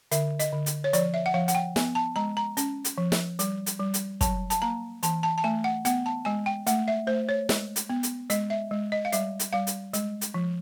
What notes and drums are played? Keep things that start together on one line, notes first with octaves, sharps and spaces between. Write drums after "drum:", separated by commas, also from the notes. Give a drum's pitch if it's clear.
D3 E5, drum: hi-hat
D#5, drum: hi-hat
D3
drum: hi-hat
C#5
F3 D5, drum: hi-hat
E5
F#5
F3 F5
F#5, drum: hi-hat
G5
B3 G#5, drum: snare
A5
G#3 A#5
A#5
C#4, drum: hi-hat
drum: hi-hat
F3
drum: snare
G3, drum: hi-hat
drum: hi-hat
G3
drum: hi-hat
F#3 A5, drum: kick, hi-hat
A5, drum: hi-hat
A#3 A#5
E3 A5, drum: hi-hat
A5
A5
A3 G#5
F#5
B3 F#5, drum: hi-hat
A5
G#3 G#5
G5
A3 F#5, drum: hi-hat
E5
A3 C5
C#5
G#3, drum: snare
drum: hi-hat
B3
drum: hi-hat
G#3 D#5, drum: hi-hat
E5
G#3
D#5
F5
G3 E5, drum: hi-hat
drum: hi-hat
G3 F5
drum: hi-hat
G#3, drum: hi-hat
drum: hi-hat
F3